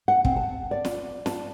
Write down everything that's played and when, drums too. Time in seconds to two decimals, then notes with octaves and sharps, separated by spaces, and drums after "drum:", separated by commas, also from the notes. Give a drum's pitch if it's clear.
0.08 F#5
0.25 C4, drum: kick
0.36 A5
0.71 D5
0.85 drum: snare
1.26 A5, drum: snare